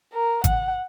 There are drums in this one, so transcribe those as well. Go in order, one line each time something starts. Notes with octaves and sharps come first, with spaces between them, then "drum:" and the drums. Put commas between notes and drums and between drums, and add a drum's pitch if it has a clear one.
A#4
F#5, drum: kick G#1, hi-hat